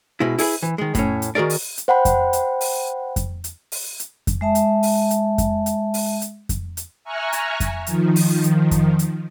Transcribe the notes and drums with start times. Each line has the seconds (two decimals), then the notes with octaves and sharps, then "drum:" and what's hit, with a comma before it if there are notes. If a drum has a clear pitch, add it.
0.20 B2 G#3 E4
0.39 E4 G#4 A4 B4, drum: open hi-hat
0.62 E3
0.78 D#3 G#3
0.95 A2 C#4, drum: kick F2, hi-hat
1.22 drum: hi-hat
1.35 D#3 F#4 G#4 A#4 D5
1.50 drum: open hi-hat
1.77 drum: hi-hat
1.88 C5 F#5 G5 B5
2.05 drum: kick F2, hi-hat
2.33 drum: hi-hat
2.61 drum: open hi-hat
3.16 drum: kick F2, hi-hat
3.44 drum: hi-hat
3.72 drum: open hi-hat
3.99 drum: hi-hat
4.27 drum: kick F2, hi-hat
4.41 G#3 E5 A5
4.55 drum: hi-hat
4.83 drum: open hi-hat
5.10 drum: hi-hat
5.38 drum: kick F2, hi-hat
5.66 drum: hi-hat
5.94 drum: open hi-hat
6.22 drum: hi-hat
6.49 drum: kick F2, hi-hat
6.77 drum: hi-hat
7.04 E5 G#5 A#5 C#6 F6 F#6
7.33 drum: hi-hat
7.60 drum: kick F2, hi-hat
7.87 D#3 F3, drum: hi-hat
8.16 drum: open hi-hat
8.44 drum: hi-hat
8.71 drum: kick F2, hi-hat
8.99 drum: hi-hat